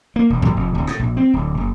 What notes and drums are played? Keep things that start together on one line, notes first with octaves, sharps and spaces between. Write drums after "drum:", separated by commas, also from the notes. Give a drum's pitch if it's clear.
A#3
E1
G#1, drum: tom A2
F1
D1
A2, drum: rim click
A#1
C4
D1
F#1